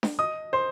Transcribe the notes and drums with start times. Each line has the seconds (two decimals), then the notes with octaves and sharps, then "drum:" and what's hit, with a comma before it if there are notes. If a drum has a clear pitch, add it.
0.03 drum: snare D4
0.19 D#5 D#6
0.53 C5 C6